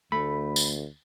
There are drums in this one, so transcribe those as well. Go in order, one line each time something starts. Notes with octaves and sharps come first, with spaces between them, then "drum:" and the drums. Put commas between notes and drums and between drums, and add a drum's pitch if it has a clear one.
D2 A3 B5
drum: tambourine